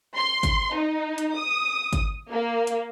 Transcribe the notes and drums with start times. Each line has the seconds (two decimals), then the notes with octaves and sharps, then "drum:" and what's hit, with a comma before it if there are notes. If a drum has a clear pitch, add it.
0.16 C6
0.43 drum: kick, hi-hat
0.75 D#4
1.18 drum: hi-hat
1.36 D#6
1.93 drum: kick, hi-hat
2.30 A#3
2.67 drum: hi-hat